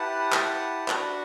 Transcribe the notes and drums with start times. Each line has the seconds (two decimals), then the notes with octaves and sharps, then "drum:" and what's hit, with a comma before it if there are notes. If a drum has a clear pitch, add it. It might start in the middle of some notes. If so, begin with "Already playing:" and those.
Already playing: E4 G4 B4 F#5 A5
0.32 drum: clap
0.88 D4 F#4 B4 F#5, drum: clap